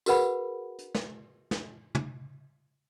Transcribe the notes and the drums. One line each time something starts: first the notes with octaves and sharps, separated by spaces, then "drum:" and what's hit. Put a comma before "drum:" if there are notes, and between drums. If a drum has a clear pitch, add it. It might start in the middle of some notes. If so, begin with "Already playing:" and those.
F#4 G#4 A#4 B4 F#5 B5, drum: tambourine
drum: hi-hat
drum: snare
drum: snare
drum: tom